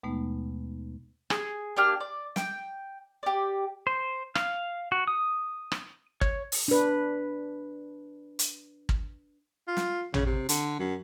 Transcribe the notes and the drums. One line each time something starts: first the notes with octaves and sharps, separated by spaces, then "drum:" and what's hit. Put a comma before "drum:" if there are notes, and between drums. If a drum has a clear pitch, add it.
D#2 B2 G#3 A3 B3 D#4
G#4, drum: rim click
A#3 D4 G4 F6
D5
G5, drum: snare
G4 D5
C5
F5, drum: rim click
F#4
D#6
drum: rim click
C#5, drum: kick
drum: open hi-hat
D4 B4
drum: hi-hat
drum: kick
F4
drum: snare
C#3, drum: tom A1
C3
D3, drum: hi-hat
F#2